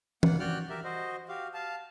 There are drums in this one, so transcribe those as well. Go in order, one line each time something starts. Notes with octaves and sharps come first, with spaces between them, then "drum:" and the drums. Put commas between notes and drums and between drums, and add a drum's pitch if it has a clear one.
A#3 F#5, drum: tom
F#4 D5 G5 F6 F#6
G4 A#4 E5
F#4 C5 D#5
F#4 G4 F5
F5 A5